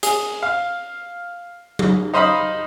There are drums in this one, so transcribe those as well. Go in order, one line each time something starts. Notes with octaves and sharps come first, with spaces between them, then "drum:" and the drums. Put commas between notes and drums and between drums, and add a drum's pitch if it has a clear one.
G#4, drum: hi-hat
F5
drum: tom F#3
D#4 C5 D#5 F5 B5 D#6